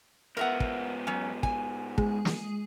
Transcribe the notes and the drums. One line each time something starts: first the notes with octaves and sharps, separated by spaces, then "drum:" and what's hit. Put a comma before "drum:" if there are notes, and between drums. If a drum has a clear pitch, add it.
G#2 B3 A#4 E5 F#5
drum: kick
F#3 C#4
G#5, drum: kick
G#3, drum: kick
drum: snare